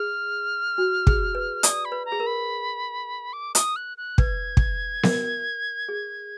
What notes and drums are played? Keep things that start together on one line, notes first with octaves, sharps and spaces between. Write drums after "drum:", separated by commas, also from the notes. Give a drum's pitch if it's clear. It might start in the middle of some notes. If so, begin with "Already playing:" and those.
Already playing: G#4 F6
F#4
G#4, drum: kick
B4
D5 D#6, drum: hi-hat
B5
B4
A#5
G#4
A#4
B5
D6
D#6, drum: hi-hat
F#6
F#6
B4 G#6, drum: kick
drum: kick
A#4, drum: snare B3
G#4